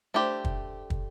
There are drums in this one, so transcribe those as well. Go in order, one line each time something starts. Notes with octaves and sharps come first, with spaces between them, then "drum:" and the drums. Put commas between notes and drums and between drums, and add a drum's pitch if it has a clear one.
A3 D4 G4 C5
drum: kick
drum: kick